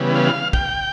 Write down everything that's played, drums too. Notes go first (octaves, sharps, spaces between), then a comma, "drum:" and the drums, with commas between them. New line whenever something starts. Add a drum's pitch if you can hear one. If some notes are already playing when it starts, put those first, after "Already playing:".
Already playing: C#3 E3 G3 B3
F5
G5, drum: kick